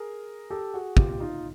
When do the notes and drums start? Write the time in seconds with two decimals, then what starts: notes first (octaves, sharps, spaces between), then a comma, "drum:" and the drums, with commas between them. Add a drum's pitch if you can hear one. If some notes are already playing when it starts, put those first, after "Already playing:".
Already playing: G#4 A#4
0.50 G4 A4
0.74 F#4 G#4
0.97 F4 G4, drum: kick
1.20 D#4 F4